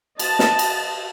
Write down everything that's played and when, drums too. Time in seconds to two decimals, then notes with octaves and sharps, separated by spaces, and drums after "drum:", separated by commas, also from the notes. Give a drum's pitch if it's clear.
0.19 D#5 A5, drum: cymbal
0.39 drum: snare
0.59 drum: cymbal